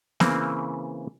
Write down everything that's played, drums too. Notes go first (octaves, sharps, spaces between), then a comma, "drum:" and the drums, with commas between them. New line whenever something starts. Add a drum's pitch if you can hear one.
C#3 E3 A#3 C4, drum: snare